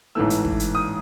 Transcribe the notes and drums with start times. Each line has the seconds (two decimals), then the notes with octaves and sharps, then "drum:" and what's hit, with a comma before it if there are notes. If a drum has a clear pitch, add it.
0.15 A1 G#2 E3 A3 E6
0.30 drum: hi-hat
0.45 drum: kick
0.60 drum: hi-hat
0.75 D#6